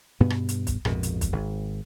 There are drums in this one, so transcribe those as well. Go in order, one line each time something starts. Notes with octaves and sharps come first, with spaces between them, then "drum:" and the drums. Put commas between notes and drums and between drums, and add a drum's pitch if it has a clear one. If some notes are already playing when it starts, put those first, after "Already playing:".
G2 B2 B3
drum: rim click
drum: hi-hat
drum: kick, hi-hat
A#1 F2 G#2 B2, drum: rim click
drum: hi-hat
drum: kick, hi-hat
G#1